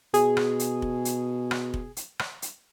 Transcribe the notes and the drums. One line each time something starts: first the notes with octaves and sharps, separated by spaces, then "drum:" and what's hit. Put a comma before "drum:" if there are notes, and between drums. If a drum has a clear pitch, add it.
B2 G#4, drum: hi-hat
drum: rim click
drum: hi-hat
drum: kick F1
drum: hi-hat
drum: rim click
drum: kick F1
drum: hi-hat
drum: rim click
drum: hi-hat